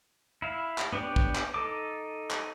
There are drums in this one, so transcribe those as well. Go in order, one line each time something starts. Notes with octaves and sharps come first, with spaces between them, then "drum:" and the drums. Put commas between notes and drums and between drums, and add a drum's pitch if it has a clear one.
E4 F5
drum: clap
B3 D4 G4 C#5 D5
drum: kick
drum: clap
D#4 A4 D6
drum: clap